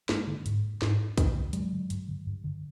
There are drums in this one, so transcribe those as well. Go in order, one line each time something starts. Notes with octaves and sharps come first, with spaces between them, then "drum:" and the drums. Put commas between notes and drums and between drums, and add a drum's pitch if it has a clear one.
G2 G#3 A#3, drum: snare
D3
G#2, drum: hi-hat
G#2, drum: snare
G2, drum: kick, hi-hat
D3
G2 F#3 G#3, drum: hi-hat
D3
G2, drum: hi-hat
D3
G2
D3